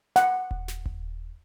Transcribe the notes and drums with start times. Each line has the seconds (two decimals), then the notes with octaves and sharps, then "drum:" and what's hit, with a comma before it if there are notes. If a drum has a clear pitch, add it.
0.16 F#5, drum: snare
0.51 drum: kick D#1
0.68 drum: snare
0.86 drum: kick D#1